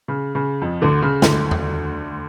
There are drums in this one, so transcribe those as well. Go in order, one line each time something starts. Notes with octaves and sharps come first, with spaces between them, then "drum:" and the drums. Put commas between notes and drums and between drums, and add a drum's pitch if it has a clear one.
C#3
C#3
F2 F3
D2 D3
C#3
D2 D3, drum: snare
drum: tom E2